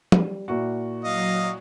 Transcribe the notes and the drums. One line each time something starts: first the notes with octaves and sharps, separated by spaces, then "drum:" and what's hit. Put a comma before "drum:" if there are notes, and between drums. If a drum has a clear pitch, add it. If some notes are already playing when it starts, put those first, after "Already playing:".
G3, drum: tom F3
A#2 E4 F#4
F#3 D#5 F5